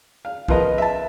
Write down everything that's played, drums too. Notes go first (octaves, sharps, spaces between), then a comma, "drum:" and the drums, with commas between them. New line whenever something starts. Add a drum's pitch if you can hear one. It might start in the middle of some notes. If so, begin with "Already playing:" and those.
F5
F3 B3 F4 A#4 D#5, drum: kick B1
E5 A5